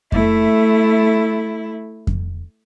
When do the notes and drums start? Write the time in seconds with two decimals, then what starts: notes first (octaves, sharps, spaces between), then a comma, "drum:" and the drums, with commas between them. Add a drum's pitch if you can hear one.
0.12 A3 E4, drum: kick F2
2.07 drum: kick F2